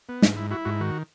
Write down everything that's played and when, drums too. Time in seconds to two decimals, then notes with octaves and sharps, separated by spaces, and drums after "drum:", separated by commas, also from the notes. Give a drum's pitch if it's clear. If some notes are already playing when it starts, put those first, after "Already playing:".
0.09 B3
0.22 G#2, drum: snare
0.37 E4
0.51 E4 F#4
0.65 G#2 F#4
0.80 D#3 F#4